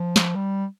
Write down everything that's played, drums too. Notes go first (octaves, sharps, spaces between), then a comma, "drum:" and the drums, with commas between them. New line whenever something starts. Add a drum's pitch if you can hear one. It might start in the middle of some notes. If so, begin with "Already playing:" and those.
Already playing: F3
drum: snare
G3